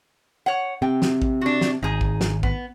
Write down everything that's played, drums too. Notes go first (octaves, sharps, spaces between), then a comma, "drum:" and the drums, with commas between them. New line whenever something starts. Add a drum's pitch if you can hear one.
C#5 F#5
C3 G5
drum: snare
drum: kick A1
D4 F#4
drum: snare
G#1 D#4 G#4
drum: kick A1
drum: snare
B3, drum: kick A1